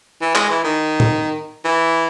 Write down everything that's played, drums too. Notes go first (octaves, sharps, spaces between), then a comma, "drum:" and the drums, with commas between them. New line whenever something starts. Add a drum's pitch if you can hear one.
E3
G#3, drum: clap
E3
D#3
drum: tom A2
E3